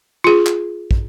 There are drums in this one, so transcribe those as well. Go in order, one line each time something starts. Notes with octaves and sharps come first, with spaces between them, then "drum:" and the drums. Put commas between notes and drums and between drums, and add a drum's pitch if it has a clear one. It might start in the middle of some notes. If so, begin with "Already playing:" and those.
F4 G#4
drum: clap
drum: kick